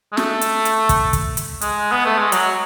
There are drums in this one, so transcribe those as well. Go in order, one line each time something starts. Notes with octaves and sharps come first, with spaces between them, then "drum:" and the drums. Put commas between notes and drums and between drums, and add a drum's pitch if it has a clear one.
G#3
A3, drum: snare
drum: hi-hat
drum: hi-hat
drum: kick, hi-hat
drum: kick, hi-hat
drum: hi-hat
G#3, drum: hi-hat
B3
A3
G#3
F#3, drum: hi-hat